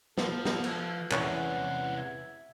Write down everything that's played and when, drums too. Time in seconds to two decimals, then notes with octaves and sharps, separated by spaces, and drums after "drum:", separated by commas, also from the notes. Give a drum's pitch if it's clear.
0.18 F3 A4 B4, drum: snare
0.45 drum: snare
0.64 drum: cymbal
1.11 E2 C3 G#3 C#4 E4 B4 F#5, drum: clap
1.97 E5 G#6